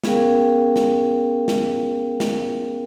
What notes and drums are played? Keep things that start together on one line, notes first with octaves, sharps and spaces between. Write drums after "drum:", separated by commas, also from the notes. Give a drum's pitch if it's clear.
B3 C#4 G#4 A#4 F5 G5, drum: snare
drum: snare
drum: snare
drum: snare